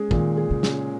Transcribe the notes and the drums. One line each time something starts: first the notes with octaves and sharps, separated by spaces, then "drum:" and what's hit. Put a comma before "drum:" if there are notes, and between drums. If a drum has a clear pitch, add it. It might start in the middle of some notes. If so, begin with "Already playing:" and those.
Already playing: G#3 C#4 G#4
A#2 D#3, drum: kick
G#4
C#3
C#4, drum: snare